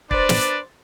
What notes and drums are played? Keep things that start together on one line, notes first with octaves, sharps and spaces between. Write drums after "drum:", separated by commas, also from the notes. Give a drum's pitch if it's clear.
D4 B4 C5 D5 A6, drum: kick
drum: snare